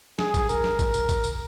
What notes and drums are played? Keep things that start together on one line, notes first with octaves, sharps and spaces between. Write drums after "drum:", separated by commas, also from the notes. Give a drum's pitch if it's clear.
G#4, drum: snare
drum: kick, tambourine
A#4, drum: tambourine
drum: snare
drum: kick, tambourine
drum: tambourine
drum: kick, tambourine
drum: tambourine